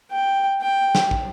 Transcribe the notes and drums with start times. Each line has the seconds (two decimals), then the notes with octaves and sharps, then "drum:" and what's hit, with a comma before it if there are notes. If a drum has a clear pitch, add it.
0.12 G5
0.62 G5
0.95 drum: snare
1.11 drum: kick